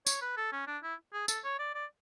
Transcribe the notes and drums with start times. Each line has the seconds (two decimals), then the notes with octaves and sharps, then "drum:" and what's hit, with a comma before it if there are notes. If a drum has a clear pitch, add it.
0.07 C#5, drum: tambourine
0.22 B4
0.37 A4
0.53 C#4
0.67 D4
0.83 E4
1.13 G#4
1.28 A4, drum: tambourine
1.44 C#5
1.59 D5
1.75 D5